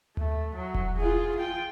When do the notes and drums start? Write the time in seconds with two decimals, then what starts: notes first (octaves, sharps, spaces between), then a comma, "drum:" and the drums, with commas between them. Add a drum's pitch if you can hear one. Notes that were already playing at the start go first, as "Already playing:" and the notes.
0.17 A3, drum: tom D2
0.55 F#3
0.74 drum: kick E1
0.97 F4 G#4
1.35 F4 G5